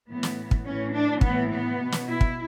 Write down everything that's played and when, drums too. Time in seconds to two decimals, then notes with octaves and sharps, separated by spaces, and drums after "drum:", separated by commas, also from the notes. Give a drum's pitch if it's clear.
0.08 A2 E3 B3
0.23 drum: snare
0.51 drum: kick
0.65 A2 E3 C#4
0.93 D4
1.21 A2 E3 B3, drum: kick
1.50 B3
1.78 B2
1.92 drum: snare
2.07 E4
2.21 drum: kick